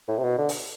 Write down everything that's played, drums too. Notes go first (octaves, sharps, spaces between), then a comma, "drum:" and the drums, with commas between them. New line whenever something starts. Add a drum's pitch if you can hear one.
A2
C3
B2
D3
drum: open hi-hat